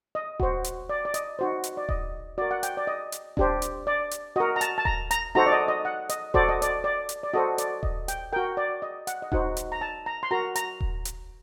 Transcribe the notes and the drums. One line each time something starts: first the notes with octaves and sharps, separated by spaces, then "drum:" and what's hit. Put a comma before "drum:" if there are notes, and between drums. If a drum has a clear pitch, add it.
D#5
F#4 C5, drum: kick D#1
drum: hi-hat
D5
D5
D#5, drum: hi-hat
D#4 F#4 C5
drum: hi-hat
D5
D#5, drum: kick D#1
F#4 A#4 D5
F#5
G5, drum: hi-hat
D5
D#5
drum: hi-hat
D4 G4 C5, drum: kick D#1
drum: hi-hat
D5
drum: hi-hat
F#4 A#4 D#5
A#5
A5, drum: hi-hat
A5
A#5, drum: kick D#1
A#5, drum: hi-hat
D#4 F#4 A4 C5 A#5
D5
D#5
D#5
F#5
D#5, drum: hi-hat
F#4 A4 C5 D5, drum: kick D#1
D#5
D5, drum: hi-hat
D5
drum: hi-hat
D5
F#4 A4 C5 D#5
D5, drum: hi-hat
D#5, drum: kick D#1
G5, drum: hi-hat
F#4 A#4 G5
D5
D#5
F#5, drum: hi-hat
D#5
D#4 F#4 C5 F#5, drum: kick D#1
drum: hi-hat
A#5
A5
A#5
C6
F#4 A#4 A#5
A#5, drum: hi-hat
drum: kick D#1
drum: hi-hat